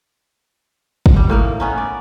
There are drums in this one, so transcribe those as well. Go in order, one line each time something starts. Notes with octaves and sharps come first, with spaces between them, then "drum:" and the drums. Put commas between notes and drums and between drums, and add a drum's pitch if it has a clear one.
drum: kick
G3
A2 A#3 D#4
B3 C#4 D#4
D5